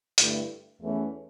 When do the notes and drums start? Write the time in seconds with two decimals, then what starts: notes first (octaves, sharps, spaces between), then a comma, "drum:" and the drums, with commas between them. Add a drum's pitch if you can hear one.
0.18 G2 D3 A3 E4, drum: hi-hat
0.81 E2 E3 A3 C#4